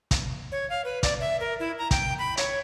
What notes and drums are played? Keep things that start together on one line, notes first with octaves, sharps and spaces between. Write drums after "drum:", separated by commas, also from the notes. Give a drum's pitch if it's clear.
drum: kick, hi-hat
C#5
F5
B4
D5, drum: kick, hi-hat
E5
A#4
E4
A#5
G5, drum: kick, hi-hat
B5
C#5, drum: hi-hat